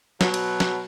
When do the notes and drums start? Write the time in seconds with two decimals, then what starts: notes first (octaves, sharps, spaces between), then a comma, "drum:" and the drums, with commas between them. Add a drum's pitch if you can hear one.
0.21 B2 F#3, drum: snare
0.34 drum: cymbal
0.60 drum: snare